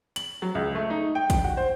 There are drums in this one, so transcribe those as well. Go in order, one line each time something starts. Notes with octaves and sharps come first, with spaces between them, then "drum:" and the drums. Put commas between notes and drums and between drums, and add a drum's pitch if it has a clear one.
F#7, drum: hi-hat
F#3
C#2
A3
D#4
G5
drum: kick, hi-hat
F#4
C5